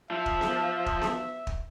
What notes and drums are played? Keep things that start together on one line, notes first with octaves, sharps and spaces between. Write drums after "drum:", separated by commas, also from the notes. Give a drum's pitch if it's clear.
F3 E5
drum: kick
drum: snare B3
drum: kick
drum: snare B3
drum: kick